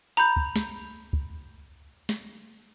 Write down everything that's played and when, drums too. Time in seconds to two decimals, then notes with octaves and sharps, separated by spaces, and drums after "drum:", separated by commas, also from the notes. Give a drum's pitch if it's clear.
0.17 A#5 B5 G6
0.36 drum: kick
0.56 drum: snare
1.13 drum: kick
2.09 drum: snare